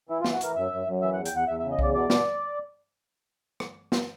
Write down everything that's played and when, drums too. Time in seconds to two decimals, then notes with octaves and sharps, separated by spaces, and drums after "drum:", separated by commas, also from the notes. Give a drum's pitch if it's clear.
0.09 E3 E4
0.21 F4
0.24 E3, drum: snare
0.33 F#4
0.41 E3 A#4, drum: hi-hat
0.56 F#2 E5
0.71 F#2
0.87 F#2
1.02 E3 E5
1.13 F#5
1.17 E2
1.25 G5, drum: hi-hat
1.33 E2 F#5
1.48 E2 E5
1.59 E5
1.64 C#3
1.71 D#5
1.79 E2 D5, drum: kick B1
1.94 B2 D5
2.10 B2, drum: snare
3.60 drum: rim click
3.92 drum: snare